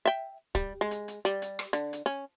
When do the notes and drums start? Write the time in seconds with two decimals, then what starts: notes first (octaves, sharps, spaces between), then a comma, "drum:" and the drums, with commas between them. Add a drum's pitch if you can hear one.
0.05 E5 G5
0.55 G3, drum: kick, hi-hat
0.81 G#3
0.91 drum: hi-hat
1.08 drum: hi-hat
1.25 G3, drum: hi-hat
1.42 drum: hi-hat
1.59 drum: rim click
1.73 D3, drum: hi-hat
1.93 drum: hi-hat
2.06 C#4